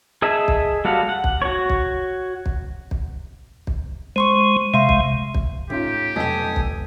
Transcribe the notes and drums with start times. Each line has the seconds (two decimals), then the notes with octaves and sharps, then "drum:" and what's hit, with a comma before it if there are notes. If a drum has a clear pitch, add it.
0.22 G#4 A4 D#5 E5
0.48 drum: kick
0.85 G3 F#4 A4 F5
1.09 F#5
1.24 drum: kick
1.42 F#4 C#5
1.70 drum: kick
2.46 drum: kick
2.91 drum: kick
3.67 drum: kick
4.16 G#3 C5 C6 C#6
4.74 C3 G#3 E5 F5 C6
4.89 drum: kick
5.35 drum: kick
5.70 A2 C#4 D#4 F4 G4
6.16 F1 B1 A4 D#5 G5 G#5 D#6 B6
6.56 drum: kick